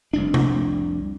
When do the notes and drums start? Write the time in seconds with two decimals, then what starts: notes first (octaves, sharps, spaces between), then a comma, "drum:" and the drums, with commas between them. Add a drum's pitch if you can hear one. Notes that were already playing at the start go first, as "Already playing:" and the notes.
0.13 F1 C2 D4
0.34 drum: tom C3